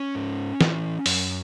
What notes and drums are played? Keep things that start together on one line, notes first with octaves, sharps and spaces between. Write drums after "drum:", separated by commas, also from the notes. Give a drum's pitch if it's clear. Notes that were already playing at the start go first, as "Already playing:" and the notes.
Already playing: C#4
G#2
E3, drum: snare
F#2, drum: open hi-hat